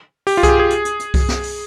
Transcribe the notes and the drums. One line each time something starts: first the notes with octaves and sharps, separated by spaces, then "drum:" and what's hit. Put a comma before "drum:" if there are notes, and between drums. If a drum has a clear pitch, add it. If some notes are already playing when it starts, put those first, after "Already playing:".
G4, drum: open hi-hat
F4
G#4, drum: kick C2, hi-hat
G4
G#4
drum: hi-hat
drum: hi-hat
drum: hi-hat
drum: kick C2, open hi-hat
drum: snare
drum: open hi-hat